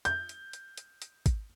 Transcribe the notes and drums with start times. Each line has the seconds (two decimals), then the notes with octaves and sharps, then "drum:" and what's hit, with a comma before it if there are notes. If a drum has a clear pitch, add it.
0.05 G6, drum: hi-hat
0.29 drum: hi-hat
0.53 drum: hi-hat
0.78 drum: hi-hat
1.02 drum: hi-hat
1.26 drum: kick G#1, hi-hat